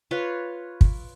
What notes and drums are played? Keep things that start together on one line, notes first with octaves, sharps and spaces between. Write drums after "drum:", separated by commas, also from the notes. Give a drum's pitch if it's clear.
F4 B4 C#5
drum: kick